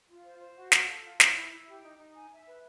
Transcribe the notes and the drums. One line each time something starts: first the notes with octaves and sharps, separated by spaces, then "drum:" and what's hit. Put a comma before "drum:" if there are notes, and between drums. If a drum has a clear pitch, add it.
F4
C5
C5
F#4
F4, drum: snare
A4
F4
E4, drum: snare
E4
E4
G4
D#4
D#4
G#5
E5
B4